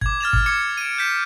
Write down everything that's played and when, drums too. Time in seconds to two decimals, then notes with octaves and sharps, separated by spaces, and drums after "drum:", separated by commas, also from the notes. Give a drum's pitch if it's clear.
0.01 D6 G#6, drum: kick
0.21 F6 A6 E7 F7
0.33 drum: kick
0.46 D6 G#6 C#7
0.77 D7 D#7
0.98 G6 B6